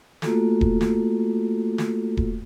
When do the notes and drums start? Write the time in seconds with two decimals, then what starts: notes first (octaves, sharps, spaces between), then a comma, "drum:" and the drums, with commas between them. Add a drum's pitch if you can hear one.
0.22 A3 A#3 F4 F#4 A4, drum: snare
0.61 drum: kick D#1
0.81 drum: snare
1.78 drum: snare
2.17 drum: kick D#1